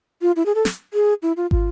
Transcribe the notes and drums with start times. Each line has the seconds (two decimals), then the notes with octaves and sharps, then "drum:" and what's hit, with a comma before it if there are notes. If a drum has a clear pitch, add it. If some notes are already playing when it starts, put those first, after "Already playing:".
0.22 F4
0.36 E4
0.46 G#4
0.55 A4
0.65 drum: snare
0.94 G#4
1.22 E4
1.37 F4
1.51 F4, drum: kick